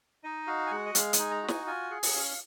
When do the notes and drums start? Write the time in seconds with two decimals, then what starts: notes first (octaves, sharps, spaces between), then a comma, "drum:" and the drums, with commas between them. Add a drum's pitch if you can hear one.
0.24 D#4 D#5
0.47 F#4 F5
0.67 G#5
0.71 G#3 F#5
0.86 D#5
0.95 G#3 F5, drum: hi-hat
1.13 G#5, drum: hi-hat
1.19 D#4
1.31 A#5
1.43 F#4
1.48 G#5, drum: snare
1.67 F4 G#5
1.91 G#4 F#5
2.03 F#5, drum: open hi-hat
2.14 C#4 F5